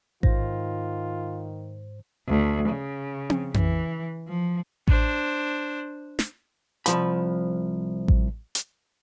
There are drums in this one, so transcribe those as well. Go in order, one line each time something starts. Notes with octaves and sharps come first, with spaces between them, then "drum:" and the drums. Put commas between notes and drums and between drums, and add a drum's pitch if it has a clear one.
G#2 D#3 F4 C5 A#6, drum: kick A1
D2
C#3
drum: tom C4
E3, drum: tom F2
F3
D4 C5, drum: kick A1
drum: snare
C2 F3 B5, drum: hi-hat
drum: kick A1
drum: hi-hat